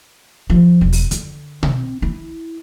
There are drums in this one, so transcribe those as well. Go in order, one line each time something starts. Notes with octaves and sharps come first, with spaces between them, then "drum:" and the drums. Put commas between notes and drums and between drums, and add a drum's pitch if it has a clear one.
F3
E1
drum: open hi-hat
D3, drum: hi-hat
C4, drum: tom B2
E4